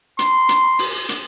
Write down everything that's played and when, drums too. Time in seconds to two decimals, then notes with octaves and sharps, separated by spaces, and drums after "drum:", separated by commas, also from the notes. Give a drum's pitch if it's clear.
0.19 C6, drum: hi-hat
0.49 drum: hi-hat
0.79 drum: open hi-hat
1.09 drum: hi-hat